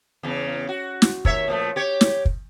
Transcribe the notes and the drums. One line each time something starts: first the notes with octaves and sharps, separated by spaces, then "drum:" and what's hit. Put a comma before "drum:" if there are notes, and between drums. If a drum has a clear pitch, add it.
E2 C#3
F#4
drum: snare
D#2 C#5 E5, drum: kick
A#2 F3 A3
G4 C#5
drum: snare
drum: kick